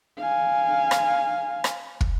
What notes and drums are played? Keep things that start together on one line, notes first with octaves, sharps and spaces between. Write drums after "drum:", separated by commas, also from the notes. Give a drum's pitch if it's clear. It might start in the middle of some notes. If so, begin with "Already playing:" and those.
F5 G#5
drum: rim click
drum: rim click
drum: kick